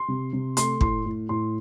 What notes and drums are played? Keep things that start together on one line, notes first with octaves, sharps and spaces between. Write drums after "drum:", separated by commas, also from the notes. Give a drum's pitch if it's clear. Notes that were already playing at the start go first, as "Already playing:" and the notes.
Already playing: C6
C3
C3
A3 C6, drum: hi-hat
A2 C6, drum: kick
A2
A2 C6